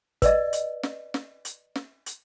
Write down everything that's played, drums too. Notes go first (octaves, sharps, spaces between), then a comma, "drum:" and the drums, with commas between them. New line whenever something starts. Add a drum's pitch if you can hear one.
B4 D5 D#5, drum: kick, hi-hat
drum: hi-hat
drum: snare
drum: snare
drum: hi-hat
drum: snare
drum: hi-hat